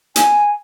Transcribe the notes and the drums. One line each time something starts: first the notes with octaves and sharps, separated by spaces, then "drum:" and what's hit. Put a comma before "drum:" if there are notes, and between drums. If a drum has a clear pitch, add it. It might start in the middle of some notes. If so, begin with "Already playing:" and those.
G#5, drum: hi-hat